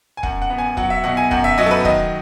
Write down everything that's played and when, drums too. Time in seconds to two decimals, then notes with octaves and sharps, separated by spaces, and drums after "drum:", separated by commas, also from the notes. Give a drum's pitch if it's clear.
0.17 G#5
0.23 F#2 F#5, drum: kick
0.42 F#5
0.50 B3
0.58 G#5
0.77 F#3 F#5, drum: kick
0.90 E5
1.04 B2 F#5
1.17 G#5
1.31 F#2 F#5, drum: kick
1.44 E5
1.58 F#3 D#5
1.66 A4
1.71 B4
1.84 D#3 D#5, drum: kick